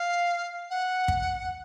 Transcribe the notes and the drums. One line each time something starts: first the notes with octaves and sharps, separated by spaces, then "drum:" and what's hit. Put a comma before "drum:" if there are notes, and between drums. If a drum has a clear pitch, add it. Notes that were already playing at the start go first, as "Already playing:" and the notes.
Already playing: F5
F#5
drum: kick